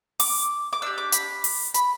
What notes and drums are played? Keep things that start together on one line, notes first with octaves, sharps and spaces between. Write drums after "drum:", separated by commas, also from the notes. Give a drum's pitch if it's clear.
D6, drum: open hi-hat
D6
D4 G4 E6
D6
B5, drum: hi-hat
drum: open hi-hat
B5, drum: hi-hat